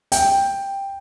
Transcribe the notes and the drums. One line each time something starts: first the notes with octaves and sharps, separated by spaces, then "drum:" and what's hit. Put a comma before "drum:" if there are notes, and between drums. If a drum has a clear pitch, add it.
G5, drum: hi-hat